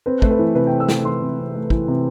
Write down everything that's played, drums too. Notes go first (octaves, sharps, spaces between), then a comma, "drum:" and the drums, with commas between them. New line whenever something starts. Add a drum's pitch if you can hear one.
C4 B4
A3, drum: kick
B4
E3
C3 B4
C4 G5
E6
A3, drum: snare
E3 C6
C3
C4
A3
E3, drum: kick
C3